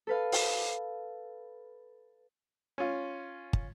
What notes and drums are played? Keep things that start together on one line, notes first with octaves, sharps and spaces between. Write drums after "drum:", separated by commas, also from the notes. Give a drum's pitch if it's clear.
A4 B4 F5
drum: open hi-hat
C#4 F4
drum: kick